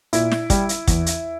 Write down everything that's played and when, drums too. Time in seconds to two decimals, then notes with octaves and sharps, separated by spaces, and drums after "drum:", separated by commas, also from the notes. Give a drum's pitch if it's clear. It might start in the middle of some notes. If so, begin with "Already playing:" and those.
0.13 A#2 E4, drum: hi-hat
0.32 drum: snare
0.50 G3, drum: kick, hi-hat
0.69 drum: hi-hat
0.88 E2, drum: kick, hi-hat
1.06 drum: hi-hat